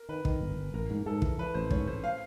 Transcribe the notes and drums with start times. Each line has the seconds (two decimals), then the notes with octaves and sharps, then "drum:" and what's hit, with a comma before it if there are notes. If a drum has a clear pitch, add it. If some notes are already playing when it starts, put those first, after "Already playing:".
Already playing: A#4
0.09 D#3 B4
0.25 D#3, drum: kick
0.41 G1
0.57 G1
0.74 A1 A#4
0.90 G#2
1.06 G#2 A4
1.22 E3, drum: kick
1.38 E3 B4
1.54 A1 C5
1.71 G#2 C#5, drum: kick
1.87 A1 C5
2.04 F5